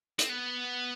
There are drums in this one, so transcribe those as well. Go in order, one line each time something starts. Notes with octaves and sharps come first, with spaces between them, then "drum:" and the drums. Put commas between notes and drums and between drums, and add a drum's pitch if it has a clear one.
C4, drum: hi-hat
B3